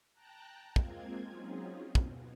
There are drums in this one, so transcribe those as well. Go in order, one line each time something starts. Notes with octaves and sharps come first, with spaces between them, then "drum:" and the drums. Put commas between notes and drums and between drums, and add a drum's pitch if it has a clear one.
G5 A5 A#5 F#6
G#3 A#3 C4 F4 G#6, drum: kick
F#3 C4 C#4 D#4 F4 G#4
B2, drum: kick